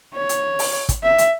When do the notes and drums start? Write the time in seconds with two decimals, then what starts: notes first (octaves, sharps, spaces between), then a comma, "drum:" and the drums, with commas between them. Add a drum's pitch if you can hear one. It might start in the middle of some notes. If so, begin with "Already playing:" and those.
0.14 C#5
0.29 drum: hi-hat
0.59 drum: open hi-hat
0.89 drum: kick, hi-hat
1.03 E5
1.18 drum: hi-hat